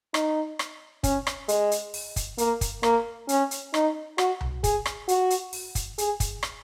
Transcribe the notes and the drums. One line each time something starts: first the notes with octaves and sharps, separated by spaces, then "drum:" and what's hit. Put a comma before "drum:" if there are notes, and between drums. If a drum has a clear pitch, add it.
D#4, drum: rim click
drum: rim click
C#4, drum: kick, hi-hat
drum: rim click
G#3, drum: hi-hat
drum: hi-hat
drum: open hi-hat
drum: kick, hi-hat
A#3, drum: hi-hat
drum: kick, hi-hat
A#3, drum: rim click
C#4, drum: hi-hat
drum: hi-hat
D#4, drum: rim click
F#4, drum: rim click
drum: tom C2
G#4, drum: kick, hi-hat
drum: rim click
F#4, drum: hi-hat
drum: hi-hat
drum: open hi-hat
drum: kick, hi-hat
G#4, drum: hi-hat
drum: kick, hi-hat
drum: rim click